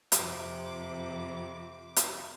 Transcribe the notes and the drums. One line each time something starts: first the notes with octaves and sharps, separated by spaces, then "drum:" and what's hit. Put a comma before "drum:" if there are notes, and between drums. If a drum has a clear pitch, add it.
F2 C3 D6, drum: hi-hat
drum: hi-hat